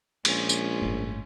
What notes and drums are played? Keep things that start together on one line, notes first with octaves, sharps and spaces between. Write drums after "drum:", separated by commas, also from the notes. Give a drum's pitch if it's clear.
A#1 G#3 C#4 F4, drum: cymbal
drum: tambourine
G1 A2